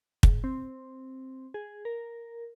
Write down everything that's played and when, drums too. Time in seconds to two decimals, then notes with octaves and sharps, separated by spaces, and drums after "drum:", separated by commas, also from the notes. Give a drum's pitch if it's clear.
0.23 G#2, drum: kick
0.44 C4
1.54 G#4
1.85 A#4